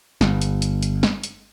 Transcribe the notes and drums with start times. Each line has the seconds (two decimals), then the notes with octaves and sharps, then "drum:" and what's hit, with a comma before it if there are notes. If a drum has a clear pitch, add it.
0.21 G1, drum: snare
0.42 drum: hi-hat
0.62 drum: hi-hat
0.83 drum: hi-hat
1.03 drum: snare
1.24 drum: hi-hat